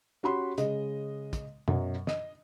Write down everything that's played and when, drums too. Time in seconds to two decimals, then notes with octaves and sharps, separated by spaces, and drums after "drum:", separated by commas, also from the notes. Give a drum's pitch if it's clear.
0.23 C#4 F#4 G4 B5 C6
0.58 C#3 G#3 D#5, drum: hi-hat
1.33 drum: kick, hi-hat
1.68 F#2 B2 F#3, drum: tom
2.07 D#5, drum: snare